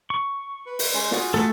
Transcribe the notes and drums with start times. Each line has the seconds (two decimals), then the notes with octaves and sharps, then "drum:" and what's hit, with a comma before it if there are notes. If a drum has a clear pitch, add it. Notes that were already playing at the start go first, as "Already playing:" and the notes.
0.10 C#6
0.66 B4
0.79 drum: open hi-hat
0.94 G#3 C#4 C6
1.11 F4 F#4 G#4, drum: snare
1.34 A3 A4